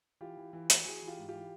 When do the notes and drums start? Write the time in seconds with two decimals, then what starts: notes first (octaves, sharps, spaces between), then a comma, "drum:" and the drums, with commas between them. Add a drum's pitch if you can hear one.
0.21 E3 F4 G4
0.37 E3
0.53 E3
0.70 E3, drum: hi-hat
0.85 E3 F#4 G#4
1.02 E3
1.08 F4 G4
1.18 G#2
1.28 F4 G4
1.34 E3